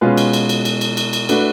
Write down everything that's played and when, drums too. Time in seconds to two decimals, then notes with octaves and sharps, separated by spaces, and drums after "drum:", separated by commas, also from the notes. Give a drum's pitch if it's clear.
0.01 B2 G#3 C#4 F4 B4
0.17 drum: cymbal
0.33 drum: cymbal
0.49 drum: cymbal
0.65 drum: cymbal
0.81 drum: cymbal
0.97 drum: cymbal
1.13 drum: cymbal
1.29 A3 D4 F#4 B4, drum: cymbal